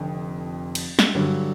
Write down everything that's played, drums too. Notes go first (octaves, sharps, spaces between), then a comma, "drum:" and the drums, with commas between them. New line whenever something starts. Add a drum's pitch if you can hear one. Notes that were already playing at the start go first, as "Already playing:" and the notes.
Already playing: F1 F2 D3
drum: cymbal
drum: snare
G2 D3 F#3